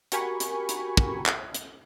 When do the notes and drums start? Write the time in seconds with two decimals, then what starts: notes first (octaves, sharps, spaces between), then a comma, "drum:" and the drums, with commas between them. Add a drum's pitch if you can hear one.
0.12 F#4 G4 A#4 G#5 B5 C#6, drum: hi-hat
0.40 drum: hi-hat
0.69 drum: hi-hat
0.97 drum: kick
1.26 drum: clap
1.54 drum: hi-hat